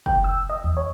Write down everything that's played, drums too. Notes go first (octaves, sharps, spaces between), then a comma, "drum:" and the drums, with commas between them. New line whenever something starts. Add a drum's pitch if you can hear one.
G5, drum: kick
E6
D#5
E2
C#5